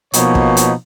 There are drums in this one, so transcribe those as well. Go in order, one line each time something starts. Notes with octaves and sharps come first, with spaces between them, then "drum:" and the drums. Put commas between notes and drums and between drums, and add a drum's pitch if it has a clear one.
B2 F3 A#3 D#4 C#5, drum: hi-hat
drum: kick
drum: hi-hat